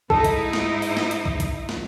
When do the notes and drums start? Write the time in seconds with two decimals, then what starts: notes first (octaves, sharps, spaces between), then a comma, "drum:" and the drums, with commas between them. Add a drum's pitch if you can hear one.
0.10 G#2 D#4 E4 A4, drum: kick
0.25 drum: kick, hi-hat
0.53 drum: snare
0.82 drum: open hi-hat
0.97 drum: snare
1.11 drum: hi-hat
1.26 drum: kick
1.40 drum: kick, hi-hat
1.69 drum: snare